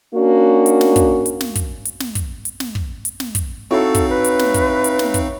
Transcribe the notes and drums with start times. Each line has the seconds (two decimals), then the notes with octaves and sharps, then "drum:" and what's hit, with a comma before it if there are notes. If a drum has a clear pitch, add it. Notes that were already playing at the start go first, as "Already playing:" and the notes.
0.15 A#3 C#4 D4 F#4
0.66 drum: hi-hat
0.81 drum: snare
0.96 drum: kick, hi-hat
1.26 drum: hi-hat
1.41 drum: snare
1.55 drum: kick, hi-hat
1.85 drum: hi-hat
2.00 drum: snare
2.15 drum: kick, hi-hat
2.45 drum: hi-hat
2.60 drum: snare
2.75 drum: kick
3.05 drum: hi-hat
3.20 drum: snare
3.35 drum: kick, hi-hat
3.71 C4 D#4 E4 F#4 A4 C#5 F5
3.95 drum: kick, hi-hat
4.09 B4
4.24 drum: hi-hat
4.39 drum: snare
4.54 drum: kick, hi-hat
4.84 drum: hi-hat
4.99 drum: snare
5.14 drum: kick, hi-hat